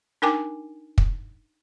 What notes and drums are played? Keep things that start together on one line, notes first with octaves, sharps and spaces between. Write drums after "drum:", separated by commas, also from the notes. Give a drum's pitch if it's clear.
D4 D#4 A#4 G5 G#5 D6
drum: kick